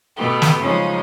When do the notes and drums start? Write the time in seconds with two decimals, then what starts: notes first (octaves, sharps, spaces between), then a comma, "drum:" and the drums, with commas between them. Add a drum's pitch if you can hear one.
0.16 B2 A3 B3 G4
0.42 drum: snare
0.60 C#3 F3 F#3 G#3 C#4 D#4